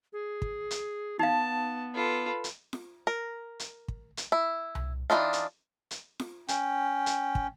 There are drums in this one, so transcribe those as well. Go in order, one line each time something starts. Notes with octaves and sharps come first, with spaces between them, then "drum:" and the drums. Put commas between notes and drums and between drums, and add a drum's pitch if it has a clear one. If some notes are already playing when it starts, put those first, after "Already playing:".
G#4
drum: kick
drum: hi-hat
B3 D#4 F5 A5
F4 A4 B4 B5
drum: hi-hat
drum: snare F4
A#4
drum: hi-hat
drum: kick
drum: hi-hat
E4
drum: tom C2
E3 C4 D4 D#4 F4
drum: hi-hat
drum: hi-hat
drum: snare F4
C#4 G5, drum: hi-hat
drum: hi-hat
drum: kick